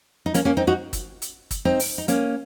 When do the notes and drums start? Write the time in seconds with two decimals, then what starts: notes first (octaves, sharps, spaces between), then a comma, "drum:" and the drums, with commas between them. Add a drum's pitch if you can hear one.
0.26 D#4
0.34 A#3 C#4, drum: hi-hat
0.45 A#3 C#4
0.57 C4 D#4
0.67 D#4 F#4
0.93 drum: kick, hi-hat
1.22 drum: hi-hat
1.51 drum: kick, hi-hat
1.65 C4 D#4
1.80 drum: open hi-hat
1.98 D#4
2.08 A#3 C#4, drum: hi-hat